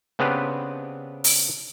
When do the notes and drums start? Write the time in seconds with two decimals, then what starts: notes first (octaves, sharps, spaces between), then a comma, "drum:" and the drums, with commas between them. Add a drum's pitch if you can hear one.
0.19 C#3 B3 C4 D4 G4 B4
1.24 drum: open hi-hat